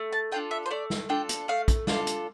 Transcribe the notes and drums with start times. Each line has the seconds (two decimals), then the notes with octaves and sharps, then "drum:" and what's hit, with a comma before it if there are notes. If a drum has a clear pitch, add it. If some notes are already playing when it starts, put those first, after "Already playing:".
Already playing: A3
0.12 A5
0.32 D4 F4 A4 G5
0.51 E5
0.66 C5
0.71 A3 D5
0.90 drum: snare
1.09 D4 F4 A4 G5
1.29 drum: hi-hat
1.48 A3 F5
1.68 drum: kick, hi-hat
1.87 D4 F4 A4 F5, drum: snare
2.07 drum: hi-hat